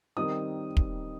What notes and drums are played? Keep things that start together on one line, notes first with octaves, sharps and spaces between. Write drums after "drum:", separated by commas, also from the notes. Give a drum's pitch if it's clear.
D#3 G3 C4 D#4 D#6
drum: kick